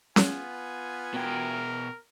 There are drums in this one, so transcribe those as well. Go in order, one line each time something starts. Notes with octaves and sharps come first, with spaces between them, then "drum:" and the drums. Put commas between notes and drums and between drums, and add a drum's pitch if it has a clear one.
B3 F4 G#5, drum: snare C#4
B2 A#4 G5